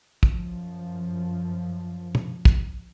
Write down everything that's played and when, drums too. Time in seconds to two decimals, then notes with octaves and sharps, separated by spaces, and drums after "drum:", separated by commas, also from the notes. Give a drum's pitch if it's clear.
0.23 F#2 F3, drum: kick
2.15 drum: tom
2.45 drum: kick